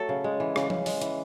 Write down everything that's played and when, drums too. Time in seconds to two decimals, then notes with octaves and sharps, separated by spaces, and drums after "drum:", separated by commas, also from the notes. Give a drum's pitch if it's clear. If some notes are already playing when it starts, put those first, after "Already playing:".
Already playing: F#3 A3 A4
0.09 C#3
0.24 G#3
0.40 E3
0.56 C#3, drum: rim click
0.70 C#3, drum: tom F3
0.86 G#3, drum: open hi-hat
1.01 E3, drum: hi-hat